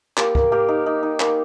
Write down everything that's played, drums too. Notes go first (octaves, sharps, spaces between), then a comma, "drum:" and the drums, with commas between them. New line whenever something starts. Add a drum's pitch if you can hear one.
A#3 G4, drum: clap
A#3, drum: kick
A#3 G4 A#4
D#4
D#4
D#4
A#3, drum: clap